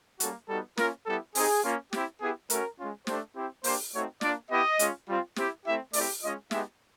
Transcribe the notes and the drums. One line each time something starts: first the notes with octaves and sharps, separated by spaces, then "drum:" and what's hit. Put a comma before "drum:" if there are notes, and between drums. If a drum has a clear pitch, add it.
G3 A#3 C#4 F#4 A4, drum: hi-hat
G3 B3 D#4 F#4 A4
A#3 C#4 F4 A#4, drum: snare
G3 B3 E4 G4 A4
C4 D#4 G4 G#4, drum: open hi-hat
A#3 C#4 F4
C4 E4 G4, drum: snare
B3 E4 G4 G#4
A3 C#4 F#4 A#4, drum: hi-hat
G#3 C#4 F4
A3 D4 G4 C5, drum: snare
C4 E4 G4 C5
A#3 D4 G4 C5, drum: open hi-hat
A3 C4 D#4 F#4 C#5
A#3 D4 F4 D5, drum: snare
B3 E4 G4 D#5
G#3 C#4 F4, drum: hi-hat
G3 C4 F4
C4 E4 G4, drum: snare
A3 C4 E4 G4 E5
A3 C4 E4 G4 D5, drum: open hi-hat
G#3 C#4 F4 D#5
G#3 B3 D#4 G4 E5, drum: snare